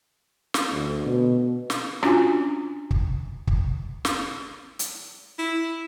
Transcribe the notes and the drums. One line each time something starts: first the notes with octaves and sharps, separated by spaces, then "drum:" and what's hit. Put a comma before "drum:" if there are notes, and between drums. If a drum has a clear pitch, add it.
drum: snare
D2
B2
drum: snare
C#4 D4 F4 F#4 G#5, drum: rim click
drum: kick
drum: kick
drum: snare
drum: hi-hat
E4